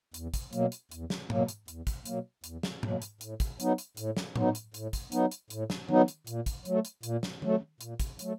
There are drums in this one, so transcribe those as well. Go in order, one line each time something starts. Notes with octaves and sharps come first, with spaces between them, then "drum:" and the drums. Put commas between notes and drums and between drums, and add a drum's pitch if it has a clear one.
E2, drum: hi-hat
drum: kick, hi-hat
B2 F#3 A#3, drum: hi-hat
drum: hi-hat
E2, drum: hi-hat
drum: snare
B2 F#3 A#3, drum: tom G#2
drum: hi-hat
E2, drum: hi-hat
drum: kick, hi-hat
B2 F#3 A#3, drum: hi-hat
E2, drum: hi-hat
drum: snare
B2 F#3 A#3, drum: tom G#2
drum: hi-hat
A2, drum: hi-hat
drum: kick, hi-hat
F#3 B3 D#4, drum: hi-hat
drum: hi-hat
A2, drum: hi-hat
drum: snare
F#3 B3 D#4, drum: tom A2
drum: hi-hat
A2, drum: hi-hat
drum: kick, hi-hat
F#3 B3 D#4, drum: hi-hat
drum: hi-hat
A2, drum: hi-hat
drum: snare
F#3 B3 D#4, drum: tom D#3
drum: hi-hat
A#2, drum: hi-hat
drum: kick, hi-hat
F#3 A3, drum: hi-hat
drum: hi-hat
A#2, drum: hi-hat
drum: snare
F#3 A3, drum: tom D#3
A#2, drum: hi-hat
drum: kick, hi-hat
F#3 A3, drum: hi-hat